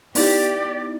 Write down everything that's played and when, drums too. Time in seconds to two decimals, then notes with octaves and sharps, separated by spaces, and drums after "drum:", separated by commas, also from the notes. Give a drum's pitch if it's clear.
0.15 B3 D#4 E4 G4 D5, drum: open hi-hat